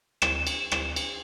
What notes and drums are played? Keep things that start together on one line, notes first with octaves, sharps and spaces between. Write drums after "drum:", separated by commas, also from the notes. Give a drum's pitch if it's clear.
E7, drum: rim click
drum: cymbal
drum: rim click
drum: cymbal